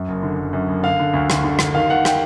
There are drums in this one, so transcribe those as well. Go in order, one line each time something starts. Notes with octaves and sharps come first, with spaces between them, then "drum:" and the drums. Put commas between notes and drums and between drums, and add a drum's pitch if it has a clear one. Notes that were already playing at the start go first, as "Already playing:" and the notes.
Already playing: F#2
F#1
D3
F#1
F#2
F#1
D3 F5
D3
D2
D2, drum: rim click
D3
D3, drum: rim click
D#3 F5
D#3 F#5
G5, drum: rim click